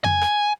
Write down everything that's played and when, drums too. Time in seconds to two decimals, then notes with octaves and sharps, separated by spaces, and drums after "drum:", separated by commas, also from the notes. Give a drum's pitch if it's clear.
0.04 G#5, drum: tom F2
0.21 drum: rim click